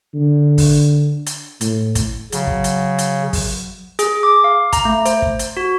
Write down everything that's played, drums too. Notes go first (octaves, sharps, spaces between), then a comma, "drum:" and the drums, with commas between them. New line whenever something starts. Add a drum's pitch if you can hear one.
D3
drum: kick, open hi-hat
drum: hi-hat
A2, drum: hi-hat
drum: kick, hi-hat
C#3 F#3, drum: hi-hat
drum: kick
drum: hi-hat
drum: hi-hat
drum: kick, open hi-hat
G#4, drum: hi-hat
D6
F5
A#5, drum: kick, hi-hat
A3
C5, drum: hi-hat
drum: kick
drum: hi-hat
F#4